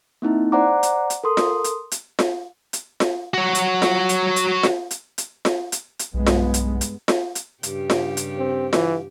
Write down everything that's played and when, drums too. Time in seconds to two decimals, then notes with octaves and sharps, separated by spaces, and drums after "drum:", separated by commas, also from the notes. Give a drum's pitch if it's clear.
0.22 A#3 C4 D#4 E4
0.52 C5 D5 F#5 A#5 D6
0.83 drum: hi-hat
1.10 drum: hi-hat
1.24 A4 A#4 C6 D#6
1.37 drum: snare F4
1.64 drum: hi-hat
1.92 drum: hi-hat
2.19 drum: snare F4
2.73 drum: hi-hat
3.00 drum: snare F4
3.34 F#4 C#5
3.55 drum: hi-hat
3.82 drum: snare F4
4.09 drum: hi-hat
4.36 drum: hi-hat
4.63 drum: snare F4
4.91 drum: hi-hat
5.18 drum: hi-hat
5.45 drum: snare F4
5.72 drum: hi-hat
5.99 drum: hi-hat
6.14 B1 G2 G#3 B3
6.27 drum: snare F4
6.54 drum: hi-hat
6.81 drum: hi-hat
7.08 drum: snare F4
7.35 drum: hi-hat
7.63 G2 C#3 G4, drum: hi-hat
7.90 drum: snare F4
8.17 drum: hi-hat
8.38 C4
8.73 E3, drum: snare F4